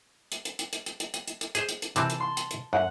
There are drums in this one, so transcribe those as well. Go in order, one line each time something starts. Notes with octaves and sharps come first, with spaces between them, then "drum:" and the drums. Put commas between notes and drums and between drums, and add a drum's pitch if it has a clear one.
drum: hi-hat
drum: hi-hat
drum: hi-hat
drum: hi-hat
drum: hi-hat
drum: hi-hat
drum: hi-hat
drum: hi-hat
drum: hi-hat
G#4 C5, drum: hi-hat
drum: hi-hat
drum: hi-hat
C3 E3 C4 A5, drum: hi-hat
drum: hi-hat
C6
drum: hi-hat
drum: hi-hat
F#2 F#5